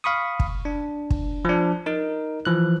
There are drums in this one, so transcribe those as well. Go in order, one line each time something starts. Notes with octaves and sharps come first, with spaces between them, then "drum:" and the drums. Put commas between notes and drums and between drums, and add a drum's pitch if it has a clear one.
F5 B5 C#6 D#6
drum: kick
D4
drum: kick
F3 D4
D#4 A#4
E3 F3 F#6